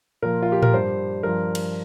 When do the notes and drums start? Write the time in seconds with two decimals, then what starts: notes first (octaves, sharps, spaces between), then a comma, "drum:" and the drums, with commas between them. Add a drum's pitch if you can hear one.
0.22 A#2 F3 A#4
0.42 F4
0.52 G4
0.62 A#4, drum: tom A2
0.73 G2 G3 C5
1.23 G2 F3 A#4
1.55 drum: cymbal